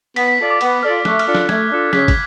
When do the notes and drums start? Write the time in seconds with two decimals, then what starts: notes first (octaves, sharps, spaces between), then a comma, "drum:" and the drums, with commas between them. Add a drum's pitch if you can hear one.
0.16 B3 B6, drum: cymbal
0.28 B6
0.39 F4 A4 D5 B6
0.50 D6
0.61 B3 D6, drum: cymbal
0.83 F4 A4 D5 F6
1.05 A3 F#6, drum: snare
1.19 F6, drum: cymbal
1.27 D4 F4 A4
1.35 F#6, drum: snare
1.49 A3 G#6, drum: snare
1.71 D4 F4 A4
1.93 C#3 B6, drum: snare
2.08 drum: kick, cymbal